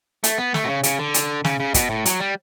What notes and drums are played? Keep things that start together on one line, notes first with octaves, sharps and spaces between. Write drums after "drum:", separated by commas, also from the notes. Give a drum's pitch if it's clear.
A3, drum: hi-hat
B3
A3, drum: snare
B2
C#3
C#3, drum: hi-hat
D3
drum: hi-hat
C#3, drum: snare
C#3
B2, drum: kick, hi-hat
A2
F#3, drum: hi-hat
G3